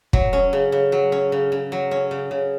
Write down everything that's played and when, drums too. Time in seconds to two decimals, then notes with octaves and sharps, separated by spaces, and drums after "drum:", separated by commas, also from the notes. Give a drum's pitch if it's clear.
0.13 F#3, drum: kick
0.33 C#4
0.53 C#3
0.72 C#3
0.92 F#3
1.12 C#4
1.32 C#3
1.52 C#3
1.72 F#3
1.91 C#4
2.11 C#3
2.31 C#3